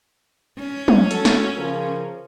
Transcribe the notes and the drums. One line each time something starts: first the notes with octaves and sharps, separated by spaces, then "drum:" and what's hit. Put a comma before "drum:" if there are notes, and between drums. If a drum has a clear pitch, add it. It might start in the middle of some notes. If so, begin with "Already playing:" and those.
C#4
drum: tom
F#4 A4, drum: hi-hat
drum: snare
C#3 F3 A#4